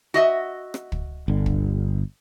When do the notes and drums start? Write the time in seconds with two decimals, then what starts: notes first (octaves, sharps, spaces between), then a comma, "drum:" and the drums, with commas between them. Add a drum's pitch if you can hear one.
0.14 F#4 D#5 E5
0.74 drum: rim click
0.92 drum: kick
1.28 G1 D3
1.46 drum: kick